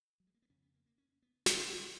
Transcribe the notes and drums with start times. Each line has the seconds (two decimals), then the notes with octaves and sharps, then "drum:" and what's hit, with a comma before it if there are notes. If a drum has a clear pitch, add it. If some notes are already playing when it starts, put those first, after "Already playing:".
0.20 F#3
0.27 G#3
0.34 A#3
0.42 B3
0.50 F2 C#3 C#4
0.62 B3
0.74 A#3
0.86 A#3
0.98 C#4
1.22 B3
1.46 F2 C#3 C#4, drum: snare